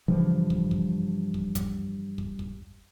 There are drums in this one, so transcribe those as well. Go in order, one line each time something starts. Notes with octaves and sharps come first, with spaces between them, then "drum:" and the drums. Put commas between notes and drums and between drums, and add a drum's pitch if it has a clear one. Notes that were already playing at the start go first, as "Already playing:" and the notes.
G2 C#3 E3 F3
drum: kick
drum: kick
drum: kick
drum: kick, hi-hat
drum: kick
drum: kick